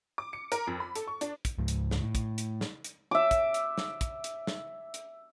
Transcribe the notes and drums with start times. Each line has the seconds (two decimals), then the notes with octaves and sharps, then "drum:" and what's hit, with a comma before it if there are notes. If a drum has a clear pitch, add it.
0.18 D6
0.33 C#7
0.52 A#4, drum: hi-hat
0.67 F2
0.80 B5
0.95 A4, drum: hi-hat
1.07 C#6
1.21 D4, drum: hi-hat
1.45 drum: kick, hi-hat
1.58 C#2 G#2
1.68 drum: hi-hat
1.91 drum: snare
2.02 A2
2.15 drum: kick, hi-hat
2.38 drum: hi-hat
2.61 drum: snare
2.84 drum: hi-hat
3.11 E5 D6
3.31 drum: kick, hi-hat
3.54 drum: hi-hat
3.78 drum: snare
4.01 drum: kick, hi-hat
4.24 drum: hi-hat
4.47 drum: snare
4.94 drum: hi-hat